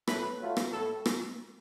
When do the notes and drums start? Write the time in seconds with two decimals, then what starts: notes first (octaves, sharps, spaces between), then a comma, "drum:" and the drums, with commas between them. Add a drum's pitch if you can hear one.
0.07 A2 B4, drum: rim click
0.40 F#3 A3 F4
0.57 drum: rim click
0.73 A2 A4
1.06 drum: rim click